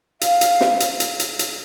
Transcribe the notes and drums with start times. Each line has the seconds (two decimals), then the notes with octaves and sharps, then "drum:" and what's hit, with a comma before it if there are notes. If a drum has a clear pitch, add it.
0.21 F5, drum: hi-hat
0.41 drum: hi-hat
0.61 drum: snare
0.80 drum: hi-hat
1.00 drum: hi-hat
1.20 drum: hi-hat
1.39 drum: hi-hat